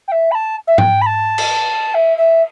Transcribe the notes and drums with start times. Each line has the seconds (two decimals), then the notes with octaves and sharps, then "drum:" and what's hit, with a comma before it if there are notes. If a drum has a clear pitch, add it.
0.08 G5
0.12 E5
0.31 B5
0.35 A5
0.68 E5
0.78 G5, drum: tom G#2
1.02 B5
1.06 A5
1.38 drum: cymbal
1.95 E5
2.18 E5